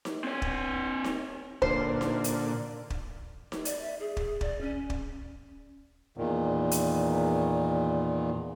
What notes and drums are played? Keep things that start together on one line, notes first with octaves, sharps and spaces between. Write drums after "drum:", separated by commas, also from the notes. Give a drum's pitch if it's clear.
drum: snare D#4
C4 C#5
drum: kick
drum: snare D#4
A#2 D3 C5, drum: kick
drum: snare D#4
drum: hi-hat
drum: kick
drum: snare D#4
D5, drum: hi-hat
E5
G#4
G#4, drum: kick
D5, drum: kick
C#4
drum: kick
E2 A#2 D#3
drum: hi-hat